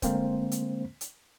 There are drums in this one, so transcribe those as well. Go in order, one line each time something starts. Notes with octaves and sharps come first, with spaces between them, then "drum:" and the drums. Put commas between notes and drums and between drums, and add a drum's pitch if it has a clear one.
D3 G#3 A#3 C4 C5, drum: kick, hi-hat
drum: hi-hat
drum: hi-hat